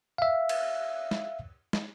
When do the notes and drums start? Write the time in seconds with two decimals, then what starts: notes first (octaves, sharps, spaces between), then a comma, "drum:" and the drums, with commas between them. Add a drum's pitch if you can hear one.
0.18 E5 F5
0.49 drum: cymbal
1.11 drum: snare
1.73 drum: snare